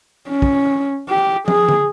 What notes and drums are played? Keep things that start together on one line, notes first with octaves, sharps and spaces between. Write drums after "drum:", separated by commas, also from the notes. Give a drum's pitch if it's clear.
C#4
drum: kick
G4
G#4, drum: tom
drum: tom D3